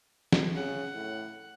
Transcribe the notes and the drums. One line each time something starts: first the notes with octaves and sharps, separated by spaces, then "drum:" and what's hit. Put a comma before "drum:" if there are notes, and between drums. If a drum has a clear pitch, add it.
drum: snare
C#3 F#5
A2